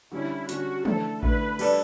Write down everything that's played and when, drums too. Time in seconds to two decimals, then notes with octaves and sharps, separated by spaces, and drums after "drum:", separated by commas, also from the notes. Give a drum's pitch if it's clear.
0.12 D3 G3 C#4 E4
0.49 D3 G3 C#4 F#4, drum: hi-hat
0.85 D3 A3 E4 A4, drum: tom E3
1.23 D3 A3 E4 B4, drum: kick A1
1.59 G3 D4 A4 D5, drum: cymbal